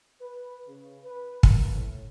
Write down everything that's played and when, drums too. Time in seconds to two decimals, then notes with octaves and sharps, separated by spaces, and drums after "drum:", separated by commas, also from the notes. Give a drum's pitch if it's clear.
0.21 B4
0.68 C#3
1.04 B4
1.43 A#3, drum: kick
1.74 A2